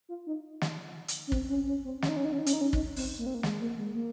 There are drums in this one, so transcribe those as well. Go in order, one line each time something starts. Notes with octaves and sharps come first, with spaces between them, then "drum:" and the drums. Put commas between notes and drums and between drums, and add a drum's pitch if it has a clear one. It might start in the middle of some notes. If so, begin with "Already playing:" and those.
F4
D#4
drum: snare
drum: hi-hat
C#4
C4, drum: kick
C#4
C#4
C4
C#4, drum: snare
D#4
C#4
D#4
C#4
D#4
C#4, drum: hi-hat
D#4
C#4
D#4, drum: kick
C4, drum: open hi-hat
A#3
C4
A#3
G#3, drum: snare
A#3
G#3
A#3